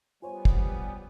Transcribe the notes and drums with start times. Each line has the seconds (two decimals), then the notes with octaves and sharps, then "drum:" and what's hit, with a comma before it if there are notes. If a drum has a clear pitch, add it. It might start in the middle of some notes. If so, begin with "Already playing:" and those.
0.22 G3 B3 F4 C5 C#5 G#5
0.45 drum: kick